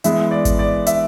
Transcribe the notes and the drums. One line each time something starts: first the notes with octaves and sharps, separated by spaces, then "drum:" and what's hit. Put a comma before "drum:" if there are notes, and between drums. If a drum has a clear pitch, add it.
E3 G#3 B3 E5, drum: hi-hat
D5
drum: kick G#1, hi-hat
D5
E5, drum: hi-hat